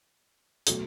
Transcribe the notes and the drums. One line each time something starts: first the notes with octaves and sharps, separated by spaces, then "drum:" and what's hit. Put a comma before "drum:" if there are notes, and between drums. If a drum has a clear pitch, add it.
B2 F#3 A3 A4, drum: hi-hat